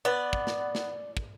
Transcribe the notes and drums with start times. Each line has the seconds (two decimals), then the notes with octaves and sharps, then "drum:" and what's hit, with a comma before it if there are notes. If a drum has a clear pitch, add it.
0.05 B3 D5
0.33 drum: kick
0.47 drum: snare
0.75 drum: snare
1.17 drum: kick